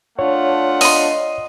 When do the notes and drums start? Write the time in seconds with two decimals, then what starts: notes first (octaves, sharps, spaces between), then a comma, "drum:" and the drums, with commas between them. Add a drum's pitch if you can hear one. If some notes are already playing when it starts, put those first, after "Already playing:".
0.19 A3 D4 F4 C#5 F#5
0.81 D#5 C6, drum: open hi-hat